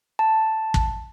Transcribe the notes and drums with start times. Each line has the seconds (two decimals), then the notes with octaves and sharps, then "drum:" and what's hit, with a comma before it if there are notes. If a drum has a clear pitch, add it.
0.19 A5
0.74 drum: kick